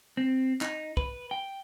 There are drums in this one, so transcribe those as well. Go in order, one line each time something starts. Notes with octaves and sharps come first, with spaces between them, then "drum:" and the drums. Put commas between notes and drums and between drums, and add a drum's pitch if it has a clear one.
C4
D#4, drum: clap
B4, drum: kick
G5